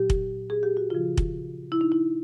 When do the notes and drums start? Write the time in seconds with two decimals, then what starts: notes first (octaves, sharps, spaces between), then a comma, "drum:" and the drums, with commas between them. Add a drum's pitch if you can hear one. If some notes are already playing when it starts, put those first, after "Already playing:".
Already playing: A#2 F#3 G4
0.10 drum: kick
0.50 G#4
0.63 G4
0.77 F#4
0.90 C#3 F3 F4
1.17 drum: kick
1.72 E4
1.81 D#4
1.92 E4